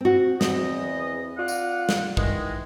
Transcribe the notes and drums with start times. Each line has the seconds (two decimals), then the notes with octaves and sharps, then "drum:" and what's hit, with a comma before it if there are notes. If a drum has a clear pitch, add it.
0.01 C4 F#4
0.41 E2 C4 D#5, drum: snare
1.38 F4 D5 F#5
1.48 drum: tambourine
1.89 drum: snare
2.17 D#3 E3 G#3, drum: kick